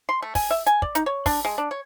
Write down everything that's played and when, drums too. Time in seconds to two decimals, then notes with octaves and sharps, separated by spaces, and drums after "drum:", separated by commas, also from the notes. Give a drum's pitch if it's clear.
0.09 C6
0.22 A3
0.35 G#5, drum: kick, open hi-hat
0.50 E5
0.66 G#5, drum: hi-hat
0.82 D5, drum: kick
0.95 D#4, drum: hi-hat
1.06 C#5
1.26 D4, drum: kick, open hi-hat
1.45 G#3
1.58 D4
1.71 C#5